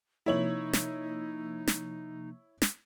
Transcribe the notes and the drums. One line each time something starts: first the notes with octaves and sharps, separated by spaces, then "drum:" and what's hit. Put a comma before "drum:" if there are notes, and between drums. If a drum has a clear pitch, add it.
C3 F3 A#3 D#4 E4 C#5 F#7
drum: snare
drum: snare
drum: snare